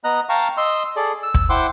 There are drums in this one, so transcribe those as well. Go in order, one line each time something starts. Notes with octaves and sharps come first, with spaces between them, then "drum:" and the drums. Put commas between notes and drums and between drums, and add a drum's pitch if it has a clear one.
B3 D#5 A#5 F#6
F5 G5 A5 A#5 C#6
D#5 C6 E6
G#4 A4 D5
E6
drum: kick
E4 C5 F#5 G5 C6 D6